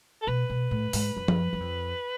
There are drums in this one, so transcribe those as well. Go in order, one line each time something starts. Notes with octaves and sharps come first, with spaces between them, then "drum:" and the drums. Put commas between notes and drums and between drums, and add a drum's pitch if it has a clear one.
A4
B2 B4
B2
A2
G#2, drum: open hi-hat
F#2
drum: tom F3
F#2
F2